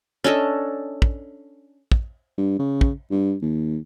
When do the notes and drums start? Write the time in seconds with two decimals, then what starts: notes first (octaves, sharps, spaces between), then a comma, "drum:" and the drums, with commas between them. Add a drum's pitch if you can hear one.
0.24 C#4 D4 A4 D#5
1.02 drum: kick
1.92 drum: kick
2.38 G2
2.59 C#3
2.81 drum: kick
3.11 G2
3.42 D#2